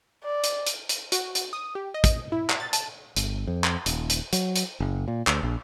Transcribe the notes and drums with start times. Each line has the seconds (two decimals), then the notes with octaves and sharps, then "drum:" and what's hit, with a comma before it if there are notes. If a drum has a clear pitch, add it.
0.24 D5
0.44 drum: hi-hat
0.67 drum: hi-hat
0.89 drum: hi-hat
1.12 F#4, drum: hi-hat
1.35 drum: hi-hat
1.53 D#6
1.75 G4
1.94 D#5
2.04 drum: kick, hi-hat
2.32 E4
2.50 drum: clap
2.60 A6
2.73 A5, drum: hi-hat
3.16 G1, drum: hi-hat
3.47 F2
3.64 drum: clap
3.86 D#1, drum: hi-hat
4.10 drum: hi-hat
4.33 F#3, drum: hi-hat
4.56 drum: hi-hat
4.80 F#1
5.08 A#2
5.27 D2, drum: clap
5.43 A#1